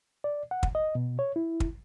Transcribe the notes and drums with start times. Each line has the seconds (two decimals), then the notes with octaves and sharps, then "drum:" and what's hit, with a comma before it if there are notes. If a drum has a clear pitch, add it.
0.24 D5
0.51 F#5
0.63 drum: kick
0.75 D#5
0.95 B2
1.19 C#5
1.36 E4
1.60 drum: kick